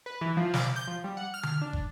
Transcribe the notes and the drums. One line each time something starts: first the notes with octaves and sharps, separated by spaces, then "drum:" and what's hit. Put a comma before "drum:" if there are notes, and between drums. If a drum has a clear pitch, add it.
B4
E3
F3
D6, drum: snare
G6
F3
G3
F#5
F6
drum: tom D3
D4
drum: kick